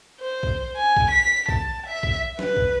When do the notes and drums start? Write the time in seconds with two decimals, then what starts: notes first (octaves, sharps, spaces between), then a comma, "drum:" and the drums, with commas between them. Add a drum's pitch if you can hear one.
0.20 C5
0.43 drum: kick A#1
0.77 G#5
0.97 drum: kick A#1
1.11 B6
1.49 A5, drum: kick A#1
1.86 E5
2.03 drum: kick A#1
2.39 B4, drum: snare
2.57 drum: kick A#1